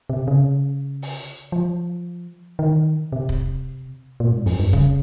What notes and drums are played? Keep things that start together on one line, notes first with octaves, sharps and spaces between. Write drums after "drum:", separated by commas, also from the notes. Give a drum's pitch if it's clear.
C3
C#3
drum: open hi-hat
F3
D#3
C3
drum: kick
A#2
G#2
F2, drum: open hi-hat
G2
C#3, drum: kick